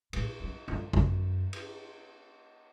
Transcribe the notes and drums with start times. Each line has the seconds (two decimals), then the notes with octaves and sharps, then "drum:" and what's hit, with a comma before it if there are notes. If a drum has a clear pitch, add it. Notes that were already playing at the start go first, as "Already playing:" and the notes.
0.13 A2, drum: cymbal
0.40 F#2
0.68 F#2, drum: tom
0.93 F#2, drum: kick G#1
1.53 drum: cymbal